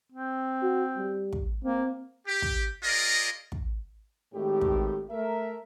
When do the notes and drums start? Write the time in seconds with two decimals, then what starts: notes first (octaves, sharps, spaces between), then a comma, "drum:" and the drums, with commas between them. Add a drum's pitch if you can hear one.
0.12 C4
0.63 F#4
0.97 G3
1.33 drum: kick
1.64 A#3 C4
2.27 G4
2.42 drum: kick
2.84 F4 G#4 A#4 D5 D#5
3.52 drum: kick
4.34 G#1 A2 D#3 A3 G4
4.61 drum: kick
5.11 A3 A#4 E5